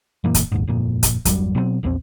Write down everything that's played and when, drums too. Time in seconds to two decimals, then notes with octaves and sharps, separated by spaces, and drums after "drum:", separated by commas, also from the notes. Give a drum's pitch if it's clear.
0.24 F#2 A#2 E3 A#3
0.34 drum: kick, hi-hat
0.52 A#1 D#2 G#2
0.67 G1 F2 A#2
1.03 drum: kick, hi-hat
1.25 G#1 F2 F#3 G3, drum: kick, hi-hat
1.55 B2 F#3 G3 C4
1.83 A#1 E2 E3 C4